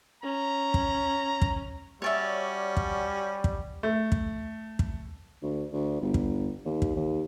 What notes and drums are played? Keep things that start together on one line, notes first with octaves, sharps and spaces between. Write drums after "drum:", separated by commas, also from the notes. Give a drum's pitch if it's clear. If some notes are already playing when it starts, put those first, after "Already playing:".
C#4 A#5
drum: kick
drum: kick
G3 C#4 F#4 C#5 D5 E5
drum: kick
drum: kick
A3
drum: kick
drum: kick
D2
D2
G1
drum: kick
D#2
drum: kick
D#2